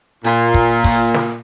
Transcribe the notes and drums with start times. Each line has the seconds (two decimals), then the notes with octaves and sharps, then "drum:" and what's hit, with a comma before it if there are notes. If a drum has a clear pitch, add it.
0.24 A#2, drum: hi-hat
0.54 drum: kick
0.84 drum: kick, open hi-hat
1.14 drum: snare